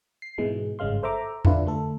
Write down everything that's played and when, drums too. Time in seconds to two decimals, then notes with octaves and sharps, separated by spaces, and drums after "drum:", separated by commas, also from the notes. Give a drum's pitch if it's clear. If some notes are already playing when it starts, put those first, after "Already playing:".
0.22 C7
0.38 G#2 B2 E3 G#3
0.79 G#1 G2 C#3 G#3 F5 C6
1.03 A4 C5 E5 A#5 D6
1.45 D3 D4 E4 F4 B4, drum: tom E2
1.65 D3 A3 A4